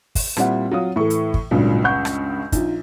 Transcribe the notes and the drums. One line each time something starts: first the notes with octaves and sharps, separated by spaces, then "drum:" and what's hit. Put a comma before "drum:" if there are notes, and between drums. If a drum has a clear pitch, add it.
drum: kick, open hi-hat
A#2 G3 C4 E4 C5 F#5, drum: rim click
F#3 F4 D#6
A2 E3 A4 C#6
drum: hi-hat
drum: kick
G#1 C#2 G2 A#2 C#3 F#3
F#5 C#6 G6
drum: rim click
A#1 D#4 F4, drum: kick, hi-hat